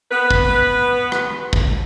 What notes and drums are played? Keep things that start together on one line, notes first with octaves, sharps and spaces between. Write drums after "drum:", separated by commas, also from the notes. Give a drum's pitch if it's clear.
B3 B4
drum: kick
drum: rim click
drum: kick